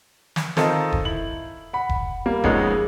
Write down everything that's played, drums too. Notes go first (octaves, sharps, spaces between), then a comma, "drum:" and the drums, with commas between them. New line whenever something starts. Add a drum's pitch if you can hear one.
drum: snare
D#3 C4 F4 A4 A#4 D#5, drum: snare
drum: kick E1
E4 F#7
F#5 B5
drum: kick E1
G3 A#3
F2 A#2 G#3 B3 C#4 D#4, drum: kick E1